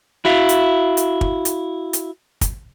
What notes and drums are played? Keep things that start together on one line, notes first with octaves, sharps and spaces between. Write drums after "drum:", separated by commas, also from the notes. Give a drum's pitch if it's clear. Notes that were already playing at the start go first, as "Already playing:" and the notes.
E4 F#4 E5 F5
drum: hi-hat
drum: hi-hat
drum: kick
drum: hi-hat
drum: hi-hat
drum: kick, hi-hat